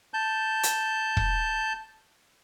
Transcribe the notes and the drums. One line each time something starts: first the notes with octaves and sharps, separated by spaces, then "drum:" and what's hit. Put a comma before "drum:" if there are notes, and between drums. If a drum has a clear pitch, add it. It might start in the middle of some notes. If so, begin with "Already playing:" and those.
A5 G6
drum: hi-hat
drum: kick